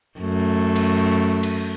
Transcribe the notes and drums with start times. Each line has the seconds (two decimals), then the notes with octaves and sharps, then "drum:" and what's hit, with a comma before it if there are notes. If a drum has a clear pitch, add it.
0.19 F#2 A3
0.76 drum: cymbal
1.43 drum: cymbal